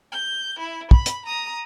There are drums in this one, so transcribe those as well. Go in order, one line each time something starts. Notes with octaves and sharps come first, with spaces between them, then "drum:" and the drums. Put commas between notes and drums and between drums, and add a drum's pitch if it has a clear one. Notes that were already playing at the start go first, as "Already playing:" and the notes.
G6
E4
B5, drum: kick
drum: hi-hat
A#5 D#6